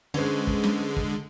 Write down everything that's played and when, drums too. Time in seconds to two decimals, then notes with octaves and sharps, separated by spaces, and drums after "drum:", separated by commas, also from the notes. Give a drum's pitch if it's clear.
0.14 D3 G#3 C#4 B4 C5
0.47 drum: kick
0.64 drum: snare
0.97 drum: kick